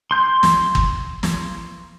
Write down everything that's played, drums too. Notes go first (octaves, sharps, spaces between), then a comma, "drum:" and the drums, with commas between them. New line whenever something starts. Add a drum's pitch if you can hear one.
C6 G6
drum: snare
drum: kick
drum: snare